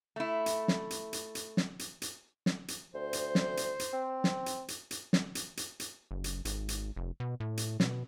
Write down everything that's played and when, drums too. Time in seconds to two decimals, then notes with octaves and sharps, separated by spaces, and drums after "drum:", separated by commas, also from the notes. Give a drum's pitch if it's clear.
0.16 A3 E4
0.46 drum: hi-hat
0.68 drum: snare
0.90 drum: hi-hat
1.13 drum: hi-hat
1.35 drum: hi-hat
1.57 drum: snare
1.79 drum: hi-hat
2.02 drum: hi-hat
2.46 drum: snare
2.68 drum: hi-hat
2.94 D2 C5
3.13 drum: hi-hat
3.35 drum: snare
3.57 drum: hi-hat
3.79 drum: hi-hat
3.93 C4
4.24 drum: snare
4.46 drum: hi-hat
4.68 drum: hi-hat
4.91 drum: hi-hat
5.13 drum: snare
5.35 drum: hi-hat
5.57 drum: hi-hat
5.80 drum: hi-hat
6.11 F#1
6.24 drum: hi-hat
6.45 G#1, drum: hi-hat
6.69 drum: hi-hat
6.96 F1
7.20 B2
7.40 A2
7.57 drum: hi-hat
7.80 B2, drum: snare